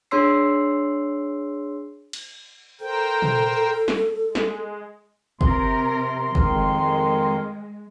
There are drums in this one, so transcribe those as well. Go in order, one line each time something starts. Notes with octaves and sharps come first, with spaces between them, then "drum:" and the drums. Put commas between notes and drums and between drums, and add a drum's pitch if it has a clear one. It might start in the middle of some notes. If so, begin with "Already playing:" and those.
D4 G#4 C#5 C6 E6 C7
drum: cymbal
A4 A#4 C5 G5
drum: tom
drum: snare
G#3
drum: snare
C3 A#4 C6, drum: kick
F2 D#3 G#3 A#4, drum: kick